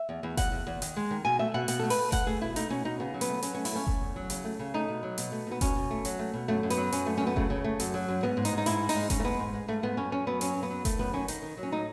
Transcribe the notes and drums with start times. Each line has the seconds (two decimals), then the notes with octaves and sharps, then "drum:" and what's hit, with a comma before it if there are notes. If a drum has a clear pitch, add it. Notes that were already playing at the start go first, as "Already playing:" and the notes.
Already playing: E5
0.09 E2
0.23 E2
0.37 E2 F#5, drum: kick F#1, hi-hat
0.52 E2
0.67 E2
0.82 D#3, drum: hi-hat
0.96 G#3
1.11 D#3
1.25 B2 G#5
1.39 A3 E5
1.54 B2 F#5
1.68 B2 F#5, drum: hi-hat
1.79 A3 A4
1.90 B4, drum: open hi-hat
1.98 A3
2.12 A3 F#5, drum: kick F#1, hi-hat
2.27 A3 G#4
2.41 B2 E4
2.56 A3 D#4, drum: hi-hat
2.70 B2 C#4
2.85 B2 D#4
3.00 C#3 B3
3.14 F#3
3.21 B3, drum: hi-hat
3.29 A3
3.43 F#3 C#4, drum: hi-hat
3.55 A3 C#4
3.65 E4, drum: open hi-hat
3.73 A3 C#4
3.87 A3, drum: kick F#1
4.01 E2
4.16 F#3
4.30 C#3, drum: hi-hat
4.44 A3
4.59 C#3
4.74 A3 D#4
4.88 B2
5.03 F#3
5.18 B2, drum: hi-hat
5.32 A3
5.47 B2 B3
5.61 B2 C#4, drum: kick F#1, hi-hat
5.76 B2
5.91 A3
6.05 F#3, drum: hi-hat
6.19 A3
6.34 B2
6.48 F#2 A3
6.63 F#2
6.70 B3, drum: hi-hat
6.77 F#3
6.92 F#2 C#4, drum: hi-hat
7.06 A3
7.18 F#2 C#4
7.27 B3
7.36 C#3 A3, drum: kick F#1
7.50 C#3
7.64 A3
7.80 F#2, drum: hi-hat
7.94 F#3
8.08 F#2
8.23 G#2 B3
8.37 G#2
8.45 D#4, drum: hi-hat
8.52 G#2
8.58 D#4
8.66 G#2 E4, drum: hi-hat
8.81 G#3
8.89 D#4, drum: open hi-hat
8.95 G#2
9.10 G#2 C#4, drum: kick F#1, hi-hat
9.20 A3
9.25 G#3 B3
9.39 G#2
9.54 G#3
9.68 G#2 A3
9.83 G#2 B3
9.97 F#2 C#4
10.12 F#2 C#4
10.27 F#2 B3
10.41 F#3 C#4, drum: hi-hat
10.56 F#2
10.63 B3
10.70 F#3
10.85 D#3 A3, drum: kick F#1, hi-hat
10.99 F#2 B3
11.13 D#3 C#4
11.28 D#3 D#4, drum: hi-hat
11.42 D#3
11.57 F#3
11.63 C#4
11.72 A2 D#4